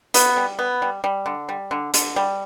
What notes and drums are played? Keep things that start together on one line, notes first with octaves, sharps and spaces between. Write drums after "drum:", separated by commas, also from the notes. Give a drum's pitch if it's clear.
B3, drum: hi-hat
G3
B3
G3
G3
D3
G3
D3
D3, drum: hi-hat
G3